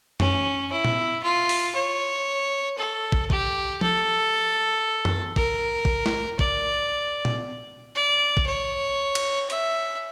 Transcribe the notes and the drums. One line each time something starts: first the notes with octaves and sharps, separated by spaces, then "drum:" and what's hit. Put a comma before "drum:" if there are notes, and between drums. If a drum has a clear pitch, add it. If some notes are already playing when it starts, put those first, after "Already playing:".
C#4, drum: tom
E4
drum: tom A#2
F4
drum: open hi-hat
C#5
A4
drum: kick
G4, drum: kick
A4, drum: tom
drum: tom
A#4, drum: kick
drum: kick
drum: snare
D5, drum: kick
drum: tom A#2
D5
drum: kick
C#5
drum: cymbal
E5, drum: hi-hat